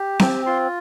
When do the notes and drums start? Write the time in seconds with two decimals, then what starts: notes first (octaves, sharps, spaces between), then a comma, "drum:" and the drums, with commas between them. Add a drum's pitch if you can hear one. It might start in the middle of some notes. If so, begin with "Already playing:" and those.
Already playing: G4
0.19 C4 G5, drum: snare C4
0.46 F4 C6